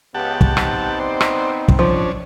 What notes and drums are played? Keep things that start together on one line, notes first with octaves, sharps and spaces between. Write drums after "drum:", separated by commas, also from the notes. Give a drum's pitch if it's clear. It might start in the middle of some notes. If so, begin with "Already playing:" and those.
C#2 B3 G4 F#5 A5
drum: kick
B3 C4 D#4, drum: rim click
C5 D5
drum: rim click
drum: kick
F3 C#4 D4